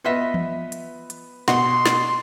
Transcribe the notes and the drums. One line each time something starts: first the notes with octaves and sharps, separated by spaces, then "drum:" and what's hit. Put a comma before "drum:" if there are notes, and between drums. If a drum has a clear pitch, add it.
B3 F4 B4 D#5 E5
drum: tom E3
drum: hi-hat
drum: hi-hat
B2 F#5 C6, drum: snare
drum: snare